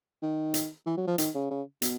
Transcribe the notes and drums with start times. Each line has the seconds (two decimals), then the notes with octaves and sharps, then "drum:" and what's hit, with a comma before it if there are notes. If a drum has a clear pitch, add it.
0.22 D#3
0.54 drum: hi-hat
0.86 E3
0.97 F#3
1.07 F3
1.18 D#3, drum: hi-hat
1.35 C#3
1.51 C#3
1.82 B2, drum: hi-hat